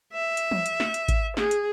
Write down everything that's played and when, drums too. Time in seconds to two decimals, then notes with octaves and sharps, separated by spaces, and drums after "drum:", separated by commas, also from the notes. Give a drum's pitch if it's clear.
0.14 E5
0.37 drum: hi-hat
0.51 drum: tom E3
0.66 drum: hi-hat
0.80 drum: snare
0.94 drum: hi-hat
1.08 drum: kick G#1, hi-hat
1.37 G#4, drum: snare
1.51 drum: hi-hat